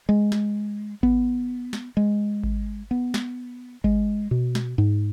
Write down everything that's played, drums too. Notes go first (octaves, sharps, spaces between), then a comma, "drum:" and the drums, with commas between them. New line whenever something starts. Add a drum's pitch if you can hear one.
G#3
drum: snare
B3, drum: kick G#1
drum: snare
G#3
drum: kick G#1
B3
drum: snare
G#3, drum: kick G#1
B2
drum: snare
G#2